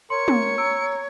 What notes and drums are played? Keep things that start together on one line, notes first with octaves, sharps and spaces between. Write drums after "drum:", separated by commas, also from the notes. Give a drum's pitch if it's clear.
A#4 C#5 C6 C#7
drum: tom
A#5 E6 D7